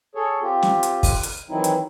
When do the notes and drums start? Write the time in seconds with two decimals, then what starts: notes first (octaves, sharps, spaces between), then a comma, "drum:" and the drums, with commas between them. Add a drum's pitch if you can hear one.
0.15 G#4 A4 C#5
0.42 C4 F4 G4
0.62 drum: snare
0.83 drum: hi-hat
1.03 drum: kick, open hi-hat
1.23 drum: hi-hat
1.49 D#3 E3 F#3 C4 D#4 E4
1.64 drum: hi-hat